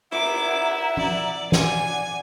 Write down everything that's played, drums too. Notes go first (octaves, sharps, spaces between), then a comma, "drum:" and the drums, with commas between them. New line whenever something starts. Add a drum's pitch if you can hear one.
E4 E5 F#5 A#5 D6, drum: cymbal
D5, drum: tom
D5 F#5 G#5 D6, drum: snare